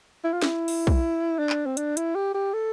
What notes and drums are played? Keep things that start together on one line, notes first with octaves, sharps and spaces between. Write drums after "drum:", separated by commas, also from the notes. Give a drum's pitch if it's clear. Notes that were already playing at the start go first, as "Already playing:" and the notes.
E4
F4
E4, drum: snare
drum: open hi-hat
drum: kick
D4
drum: clap
C4
D4, drum: hi-hat
E4, drum: hi-hat
G4
G4
A4